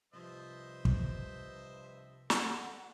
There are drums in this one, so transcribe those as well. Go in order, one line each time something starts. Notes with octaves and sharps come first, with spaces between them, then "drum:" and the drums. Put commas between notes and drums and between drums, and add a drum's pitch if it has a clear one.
C2 G2 F3 C5 D#5 E5
drum: kick
A4 D5 F#5, drum: snare